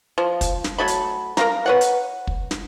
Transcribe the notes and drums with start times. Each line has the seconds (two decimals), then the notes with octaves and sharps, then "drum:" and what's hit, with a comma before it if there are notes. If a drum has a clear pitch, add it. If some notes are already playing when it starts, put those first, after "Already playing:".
0.18 F3
0.41 drum: kick, hi-hat
0.64 drum: snare
0.78 F#3 A3 B5
0.88 drum: hi-hat
1.37 A#4 F5 A#5, drum: snare
1.66 B4 C#5 F#5
1.81 drum: hi-hat
2.27 drum: kick
2.51 drum: snare